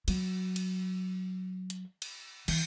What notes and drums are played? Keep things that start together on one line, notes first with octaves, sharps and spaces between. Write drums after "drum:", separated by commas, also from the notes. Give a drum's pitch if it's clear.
F#3, drum: cymbal
drum: cymbal
drum: hi-hat
drum: cymbal
E3, drum: cymbal